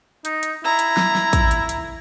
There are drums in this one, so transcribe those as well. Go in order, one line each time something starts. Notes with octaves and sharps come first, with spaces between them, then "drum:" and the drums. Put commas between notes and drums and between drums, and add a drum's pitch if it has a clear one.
D#4, drum: hi-hat
drum: hi-hat
E4 A#5
drum: hi-hat
drum: snare
drum: snare
drum: kick, hi-hat
drum: hi-hat
drum: hi-hat